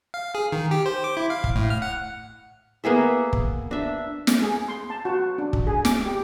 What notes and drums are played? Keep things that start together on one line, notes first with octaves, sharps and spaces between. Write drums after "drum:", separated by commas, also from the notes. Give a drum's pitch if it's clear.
F5
G#4
D#3
G4
C5
D6
E4
F5
drum: kick
A2
F6
F#5
A#3 B3 G#4 E5
drum: kick
D4 E5
drum: snare
G#4
C6
A5
F#4
D4
drum: kick
G#4
D6, drum: snare
G4